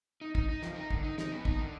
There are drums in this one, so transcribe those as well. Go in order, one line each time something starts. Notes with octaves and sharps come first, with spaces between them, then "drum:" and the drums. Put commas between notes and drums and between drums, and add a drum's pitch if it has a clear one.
D#4
D#4, drum: kick
D#4
F3, drum: snare
D#4
D3, drum: kick
D#4
D#4, drum: snare
B3
D#4, drum: kick
D3